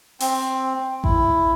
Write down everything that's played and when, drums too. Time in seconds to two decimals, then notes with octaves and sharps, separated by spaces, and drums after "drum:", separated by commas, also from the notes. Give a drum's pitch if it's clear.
0.20 C4, drum: open hi-hat
1.04 E4, drum: kick A1